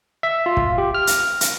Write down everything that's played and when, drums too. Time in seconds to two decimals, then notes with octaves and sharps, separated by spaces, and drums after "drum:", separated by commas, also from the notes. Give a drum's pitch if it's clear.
0.23 E5
0.46 F4
0.57 drum: kick
0.78 G4
0.94 F6
1.07 drum: hi-hat
1.41 drum: hi-hat